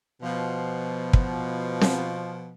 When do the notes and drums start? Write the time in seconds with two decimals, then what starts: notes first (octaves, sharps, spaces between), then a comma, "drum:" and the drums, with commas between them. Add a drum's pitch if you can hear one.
0.23 B2 F3
1.13 drum: kick
1.82 drum: snare C4